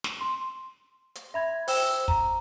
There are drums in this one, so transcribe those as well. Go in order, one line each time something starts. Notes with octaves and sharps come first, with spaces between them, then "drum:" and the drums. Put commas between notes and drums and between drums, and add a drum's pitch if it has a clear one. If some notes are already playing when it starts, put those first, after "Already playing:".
drum: snare
C6
drum: hi-hat
E5 B5 G#6
C5 G5 E6 E7, drum: open hi-hat
A#5, drum: kick